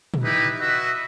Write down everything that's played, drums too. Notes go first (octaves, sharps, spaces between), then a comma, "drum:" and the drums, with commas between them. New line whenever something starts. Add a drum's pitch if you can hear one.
drum: tom
D#4 E4 G4 B4
F#4 B4 D#5 E5